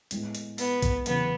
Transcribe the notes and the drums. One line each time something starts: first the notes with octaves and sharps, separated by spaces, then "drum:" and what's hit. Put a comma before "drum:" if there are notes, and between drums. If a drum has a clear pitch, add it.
A2 G#3 B3, drum: hi-hat
drum: hi-hat
B3, drum: open hi-hat
drum: kick, hi-hat
F#1 E2 C#3 E3 B3, drum: hi-hat